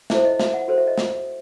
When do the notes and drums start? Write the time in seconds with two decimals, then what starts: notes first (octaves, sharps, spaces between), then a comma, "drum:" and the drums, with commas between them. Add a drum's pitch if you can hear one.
0.10 E4 A4 C5 E5, drum: snare
0.25 D#5
0.40 E5, drum: snare
0.54 F#5
0.68 F#4 A4 C5
0.78 E5
0.87 D#5
0.98 drum: snare